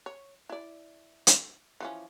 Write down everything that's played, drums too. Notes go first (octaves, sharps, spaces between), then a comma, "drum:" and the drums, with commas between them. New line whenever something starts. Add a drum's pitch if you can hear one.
C#5
E4 D5
drum: hi-hat
E3 F3 C#4